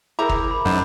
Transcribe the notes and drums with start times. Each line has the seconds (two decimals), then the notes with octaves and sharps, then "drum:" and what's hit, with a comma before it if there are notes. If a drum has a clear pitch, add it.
0.19 E4 G#4 A#4 C5 A#5 D6
0.29 drum: kick
0.51 B5
0.65 F#2 D#4 C5 F#5